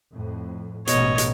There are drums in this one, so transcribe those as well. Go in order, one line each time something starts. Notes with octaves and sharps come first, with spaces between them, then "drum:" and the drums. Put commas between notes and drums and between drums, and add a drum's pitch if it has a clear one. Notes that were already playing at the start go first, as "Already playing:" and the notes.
F2 A2
A1 G#2 B2 C#5 D#5, drum: hi-hat
drum: hi-hat